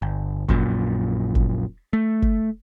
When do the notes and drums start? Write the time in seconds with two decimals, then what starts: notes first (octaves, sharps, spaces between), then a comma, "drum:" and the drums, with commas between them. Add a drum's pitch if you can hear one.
0.02 G1
0.48 A#1 F#2 A#2, drum: kick G1
1.35 drum: kick G1
1.93 A3
2.22 drum: kick G1